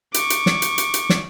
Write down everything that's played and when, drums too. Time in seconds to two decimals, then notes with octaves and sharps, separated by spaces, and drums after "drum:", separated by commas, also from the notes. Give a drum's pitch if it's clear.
0.14 C#6 D6, drum: hi-hat
0.30 drum: hi-hat
0.46 drum: snare
0.62 drum: hi-hat
0.78 drum: hi-hat
0.94 drum: hi-hat
1.09 drum: snare